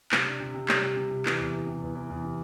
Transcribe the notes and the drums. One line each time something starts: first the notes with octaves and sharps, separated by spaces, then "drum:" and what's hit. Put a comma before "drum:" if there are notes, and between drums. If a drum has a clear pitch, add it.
C3, drum: clap
D4
C3
C3
G3, drum: clap
C3
C3
C3
E3, drum: clap
E2
E3
C3
E2
E3
E2
C3